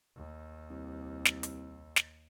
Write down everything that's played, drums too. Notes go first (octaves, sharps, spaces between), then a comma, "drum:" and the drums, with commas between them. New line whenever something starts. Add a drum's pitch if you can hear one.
D#2
C2
drum: snare
drum: hi-hat
drum: snare